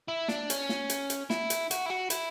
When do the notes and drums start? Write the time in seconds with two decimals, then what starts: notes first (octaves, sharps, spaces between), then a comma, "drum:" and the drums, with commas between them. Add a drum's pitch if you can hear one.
0.08 E4
0.28 D4, drum: snare
0.50 C#4, drum: hi-hat
0.69 drum: snare
0.90 drum: hi-hat
1.10 drum: hi-hat
1.30 E4, drum: snare
1.50 drum: hi-hat
1.71 F#4, drum: hi-hat
1.86 E4
1.90 F#4
2.10 E4, drum: hi-hat